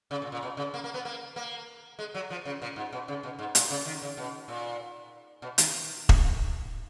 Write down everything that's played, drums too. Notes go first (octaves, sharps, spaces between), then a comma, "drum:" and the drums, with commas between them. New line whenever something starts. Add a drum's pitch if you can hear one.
C#3
A#2
A#2
B2
C#3
A#3
A#3
B3
A#3
A#3
G#3
F#3
F3
C#3
A#2
G#2
B2
C#3
B2
G#2
A#2, drum: hi-hat
C#3
D#3
C#3
B2
A#2
B2
D#3, drum: hi-hat
drum: kick E1